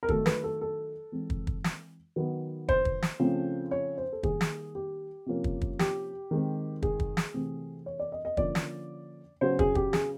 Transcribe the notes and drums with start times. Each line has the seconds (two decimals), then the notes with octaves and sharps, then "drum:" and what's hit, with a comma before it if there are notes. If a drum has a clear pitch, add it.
0.03 A#4
0.09 D#3 F#3 A3 A4, drum: kick
0.26 B4, drum: snare
0.44 A4
0.61 A4
1.12 E3 G#3 C4
1.30 drum: kick
1.47 drum: kick
1.64 drum: snare
2.16 D#3 F#3 B3
2.69 C5, drum: kick
2.85 drum: kick
3.02 drum: snare
3.20 C#3 F3 A3 C4
3.71 C#5
3.97 C5
4.13 A4
4.23 D#3 G3 A#3 G#4, drum: kick
4.41 drum: snare
4.75 G4
5.26 C3 F3 A#3 C#4
5.44 drum: kick
5.61 drum: kick
5.79 G4, drum: snare
6.31 D#3 G#3 C4
6.83 G#4, drum: kick
7.00 drum: kick
7.17 drum: snare
7.34 C3 E3 A3 C4
7.86 C#5
7.99 D5
8.12 D#5
8.25 D#5
8.37 D3 F3 A#3 C#4 D5, drum: kick
8.55 drum: snare
9.41 C#3 F#3 B3 C5
9.59 G#4, drum: kick
9.75 G4, drum: kick
9.93 G#4, drum: snare